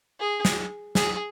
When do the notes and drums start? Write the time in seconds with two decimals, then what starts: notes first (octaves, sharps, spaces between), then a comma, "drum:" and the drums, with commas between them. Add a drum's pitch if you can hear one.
0.20 G#4
0.45 drum: snare
0.95 G#4, drum: snare